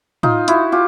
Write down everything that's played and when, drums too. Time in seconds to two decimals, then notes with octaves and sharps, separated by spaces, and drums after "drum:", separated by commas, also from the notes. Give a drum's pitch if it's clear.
0.23 D#4 F4, drum: tom A2
0.48 E4 F#4, drum: hi-hat
0.72 F4 G4